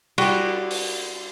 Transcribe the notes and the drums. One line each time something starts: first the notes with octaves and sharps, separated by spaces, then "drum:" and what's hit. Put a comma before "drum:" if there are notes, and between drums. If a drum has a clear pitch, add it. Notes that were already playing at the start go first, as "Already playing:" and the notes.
G3 F#4, drum: cymbal
drum: open hi-hat